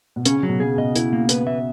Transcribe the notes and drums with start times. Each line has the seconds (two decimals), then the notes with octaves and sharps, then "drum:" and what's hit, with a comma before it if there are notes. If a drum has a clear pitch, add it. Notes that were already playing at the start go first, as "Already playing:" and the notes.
0.16 B2
0.25 C#3 C#4, drum: hi-hat
0.37 C#3
0.43 F#3
0.49 B2
0.60 C#3 G#4
0.78 B2 D#5
0.96 E4, drum: hi-hat
1.13 A#3
1.29 B4, drum: hi-hat
1.47 E5